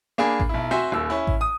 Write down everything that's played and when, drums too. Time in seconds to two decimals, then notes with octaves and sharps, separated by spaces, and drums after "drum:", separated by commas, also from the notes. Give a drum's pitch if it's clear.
0.18 A#3 D4 G#4 B5
0.40 drum: kick A1
0.49 B1 E4
0.71 C4 F#4 C5 E5 G#5
0.92 D#1 D#2 E6
1.10 C#4 E4
1.27 drum: kick A1
1.41 D#6